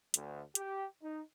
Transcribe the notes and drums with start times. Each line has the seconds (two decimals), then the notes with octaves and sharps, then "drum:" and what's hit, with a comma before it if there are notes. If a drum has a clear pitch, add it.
0.14 D2, drum: hi-hat
0.55 G4, drum: hi-hat
1.02 D#4